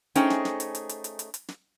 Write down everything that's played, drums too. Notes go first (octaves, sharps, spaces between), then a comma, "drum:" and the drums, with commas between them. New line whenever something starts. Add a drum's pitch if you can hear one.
A3 C#4 D#4 G#4 C5 G5, drum: hi-hat
drum: snare
drum: snare
drum: hi-hat
drum: hi-hat
drum: hi-hat
drum: hi-hat
drum: hi-hat
drum: hi-hat
drum: snare